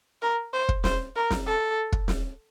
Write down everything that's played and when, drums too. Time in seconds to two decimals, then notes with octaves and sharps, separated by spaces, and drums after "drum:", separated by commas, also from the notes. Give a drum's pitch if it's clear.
0.22 A#4
0.53 C5
0.69 drum: kick
0.84 C5, drum: snare
1.16 A#4
1.31 drum: snare
1.46 A4
1.92 drum: kick
2.08 drum: snare